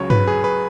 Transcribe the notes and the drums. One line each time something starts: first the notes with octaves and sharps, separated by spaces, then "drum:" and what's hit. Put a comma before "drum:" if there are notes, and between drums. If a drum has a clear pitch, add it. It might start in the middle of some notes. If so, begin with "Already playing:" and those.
Already playing: C#2 C#3 F#3 C#5
B4, drum: tom G2
G#4
B4